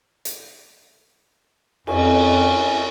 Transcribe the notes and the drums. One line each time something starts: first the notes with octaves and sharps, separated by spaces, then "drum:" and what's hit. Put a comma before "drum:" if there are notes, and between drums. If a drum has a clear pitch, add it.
drum: hi-hat
F2 C#4, drum: cymbal